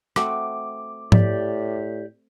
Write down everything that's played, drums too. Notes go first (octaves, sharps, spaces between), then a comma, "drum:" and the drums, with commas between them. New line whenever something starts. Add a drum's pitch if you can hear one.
A3 C4 F#4 D6, drum: rim click
A2 G4 D5, drum: tom G#2